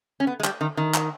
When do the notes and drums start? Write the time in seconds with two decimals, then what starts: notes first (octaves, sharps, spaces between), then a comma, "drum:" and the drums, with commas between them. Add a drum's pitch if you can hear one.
0.20 C#4
0.27 B3
0.40 G#3
0.44 G3, drum: clap
0.61 D#3
0.77 D#3
0.94 drum: clap